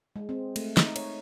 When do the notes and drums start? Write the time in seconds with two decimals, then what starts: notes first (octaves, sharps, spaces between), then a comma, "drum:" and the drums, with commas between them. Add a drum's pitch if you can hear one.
0.16 G#3
0.29 C4
0.56 A3, drum: cymbal
0.77 D#4, drum: snare
0.96 C#5, drum: cymbal